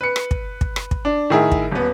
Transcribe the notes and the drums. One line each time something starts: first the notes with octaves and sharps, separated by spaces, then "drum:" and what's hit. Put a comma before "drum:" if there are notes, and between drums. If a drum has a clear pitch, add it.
B4 C#7
drum: rim click
drum: kick
drum: kick
drum: rim click
drum: kick
D4
A2 D#3 G#4 A#4 E5
drum: kick
D#1 B3